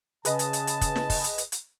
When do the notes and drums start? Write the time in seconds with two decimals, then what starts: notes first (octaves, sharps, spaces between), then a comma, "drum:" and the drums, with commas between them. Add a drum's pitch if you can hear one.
0.25 C#3 G#4 B4 D#5 A5, drum: hi-hat
0.39 drum: hi-hat
0.53 drum: hi-hat
0.67 drum: hi-hat
0.81 drum: kick, hi-hat
0.96 drum: snare
1.10 drum: kick, open hi-hat
1.24 drum: hi-hat
1.38 drum: hi-hat
1.52 drum: hi-hat